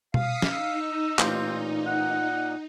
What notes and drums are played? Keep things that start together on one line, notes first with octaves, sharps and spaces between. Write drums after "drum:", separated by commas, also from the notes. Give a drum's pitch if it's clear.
F5 D#6 B6 C#7, drum: tom B2
drum: snare C#4
D#4 E6
A1 A#2 C4 F4 G4, drum: clap
F#5